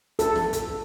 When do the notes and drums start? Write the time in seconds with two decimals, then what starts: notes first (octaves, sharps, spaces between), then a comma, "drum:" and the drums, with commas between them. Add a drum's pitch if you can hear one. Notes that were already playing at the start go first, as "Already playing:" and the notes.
0.19 A4, drum: kick, hi-hat
0.36 drum: snare
0.53 drum: kick, hi-hat